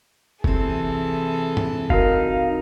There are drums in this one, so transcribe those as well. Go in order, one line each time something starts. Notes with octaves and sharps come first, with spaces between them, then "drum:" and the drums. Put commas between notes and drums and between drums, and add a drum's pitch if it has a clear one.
C3 E3 C4 G#4 A4, drum: kick F#1
drum: tom G#2
D#4 F#4 A#4 F5, drum: kick F#1